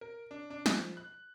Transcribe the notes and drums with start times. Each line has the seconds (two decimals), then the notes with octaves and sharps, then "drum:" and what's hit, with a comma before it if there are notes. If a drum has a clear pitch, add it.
0.01 A#4
0.31 D4
0.50 D4
0.66 F3, drum: snare
0.97 F#6